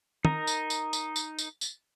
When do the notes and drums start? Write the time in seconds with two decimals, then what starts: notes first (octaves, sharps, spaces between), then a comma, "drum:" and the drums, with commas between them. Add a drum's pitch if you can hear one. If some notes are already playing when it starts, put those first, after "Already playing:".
0.25 D#4 A#4 A#5, drum: tom
0.47 drum: tambourine
0.70 drum: tambourine
0.93 drum: tambourine
1.16 drum: tambourine
1.39 drum: tambourine
1.61 drum: tambourine